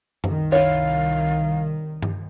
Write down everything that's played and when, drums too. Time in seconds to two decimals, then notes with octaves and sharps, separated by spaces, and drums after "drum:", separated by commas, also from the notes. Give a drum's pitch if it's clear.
0.24 C2 D#3, drum: tom F#2
0.52 E4 C#5 F5
2.02 drum: tom G2